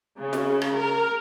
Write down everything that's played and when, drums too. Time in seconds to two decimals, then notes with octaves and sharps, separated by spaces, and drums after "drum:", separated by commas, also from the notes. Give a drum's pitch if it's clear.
0.19 C#3
0.33 drum: snare
0.62 drum: rim click
0.76 A#4